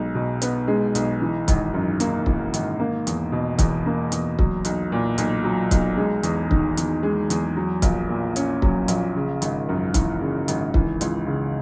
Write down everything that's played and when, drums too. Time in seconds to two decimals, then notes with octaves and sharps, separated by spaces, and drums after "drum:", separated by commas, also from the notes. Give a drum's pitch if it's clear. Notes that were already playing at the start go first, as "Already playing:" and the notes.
Already playing: B1 G#3
0.15 B2
0.42 B3, drum: hi-hat
0.68 G#3
0.95 B1, drum: hi-hat
1.21 E3
1.48 G#1, drum: kick C#1, hi-hat
1.74 F#2
2.00 A#3, drum: hi-hat
2.26 E3, drum: kick C#1
2.54 G#1, drum: hi-hat
2.80 A#3
3.07 E2, drum: hi-hat
3.32 B2
3.59 E2, drum: kick C#1, hi-hat
3.86 A#3
4.12 E2, drum: hi-hat
4.39 F#3, drum: kick C#1
4.65 B1, drum: hi-hat
4.92 A#2
5.18 B1, drum: hi-hat
5.44 F#3
5.71 B1, drum: kick C#1, hi-hat
5.97 G#3
6.23 E2, drum: hi-hat
6.51 D#3, drum: kick C#1
6.77 E2, drum: hi-hat
7.03 G#3
7.30 E2, drum: hi-hat
7.57 F#3
7.82 A#1, drum: kick C#1, hi-hat
8.09 A#2
8.36 C#4, drum: hi-hat
8.62 F#3, drum: kick C#1
8.88 A#1, drum: hi-hat
9.16 C#3
9.42 G#1, drum: hi-hat
9.69 F#2
9.94 E3, drum: kick C#1, hi-hat
10.21 C#3
10.48 G#1, drum: hi-hat
10.74 E3, drum: kick C#1
11.01 C#2, drum: hi-hat
11.27 C#3